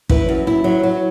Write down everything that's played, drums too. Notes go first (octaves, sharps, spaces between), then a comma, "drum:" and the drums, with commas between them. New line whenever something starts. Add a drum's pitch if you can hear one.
E4 B4, drum: kick
F#2
E4
F#3
F#3